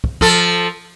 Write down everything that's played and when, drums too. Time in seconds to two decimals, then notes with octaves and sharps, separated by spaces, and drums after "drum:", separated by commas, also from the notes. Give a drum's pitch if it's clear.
0.04 drum: kick
0.21 F3 A4, drum: kick